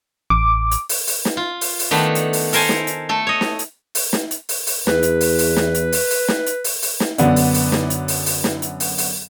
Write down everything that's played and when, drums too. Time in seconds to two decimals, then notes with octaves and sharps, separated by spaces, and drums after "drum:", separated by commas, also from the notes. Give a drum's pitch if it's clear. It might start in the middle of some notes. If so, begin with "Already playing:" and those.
0.30 A1 D6
0.71 drum: hi-hat
0.89 drum: open hi-hat
1.07 drum: open hi-hat
1.25 drum: snare
1.37 F4
1.61 drum: open hi-hat
1.79 drum: open hi-hat
1.91 D#3 A3 B3 D4
2.15 drum: hi-hat
2.33 drum: open hi-hat
2.53 A4 A#4 C5 G#5 A5, drum: open hi-hat
2.69 drum: snare
2.87 drum: hi-hat
3.09 A3 A4
3.27 C#5 D#5
3.41 drum: snare
3.59 drum: hi-hat
3.95 drum: open hi-hat
4.13 drum: snare
4.31 drum: hi-hat
4.49 drum: open hi-hat
4.67 drum: open hi-hat
4.87 E2 B4, drum: snare
5.03 drum: hi-hat
5.21 drum: open hi-hat
5.39 drum: open hi-hat
5.57 drum: snare
5.74 drum: hi-hat
5.92 drum: open hi-hat
6.10 drum: open hi-hat
6.28 drum: snare
6.46 drum: hi-hat
6.64 drum: open hi-hat
6.82 drum: open hi-hat
7.00 drum: snare
7.18 F#2 D3 B3 D4, drum: hi-hat
7.36 drum: open hi-hat
7.54 drum: open hi-hat
7.72 drum: snare
7.90 drum: hi-hat
8.08 drum: open hi-hat
8.26 drum: open hi-hat
8.44 drum: snare
8.62 drum: hi-hat
8.80 drum: open hi-hat
8.98 drum: open hi-hat